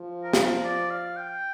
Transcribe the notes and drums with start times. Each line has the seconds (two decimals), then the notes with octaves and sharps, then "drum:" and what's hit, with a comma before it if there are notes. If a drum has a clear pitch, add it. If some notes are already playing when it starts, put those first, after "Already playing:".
Already playing: F3
0.24 A#4
0.33 drum: snare
0.44 A#4
0.64 D5
0.90 F5
1.17 G5